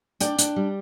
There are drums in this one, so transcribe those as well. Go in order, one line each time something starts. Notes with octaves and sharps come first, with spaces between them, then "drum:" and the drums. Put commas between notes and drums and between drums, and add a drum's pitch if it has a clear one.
D4 D5 G5, drum: hi-hat
D4, drum: hi-hat
G3